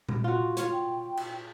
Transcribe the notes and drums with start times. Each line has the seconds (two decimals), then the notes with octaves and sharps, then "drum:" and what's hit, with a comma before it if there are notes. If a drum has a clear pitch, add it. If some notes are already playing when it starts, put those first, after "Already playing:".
0.09 drum: tom A#2
0.24 F4 F#4
0.57 F4 C#5, drum: hi-hat
0.72 G5
1.17 drum: cymbal